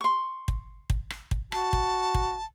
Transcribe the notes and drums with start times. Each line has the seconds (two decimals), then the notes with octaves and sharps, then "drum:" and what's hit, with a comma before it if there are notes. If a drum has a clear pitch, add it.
0.01 C6 C#6
0.48 drum: kick
0.90 drum: kick
1.10 drum: rim click
1.31 drum: kick
1.52 F#4 A5, drum: rim click
1.73 drum: kick
2.14 drum: kick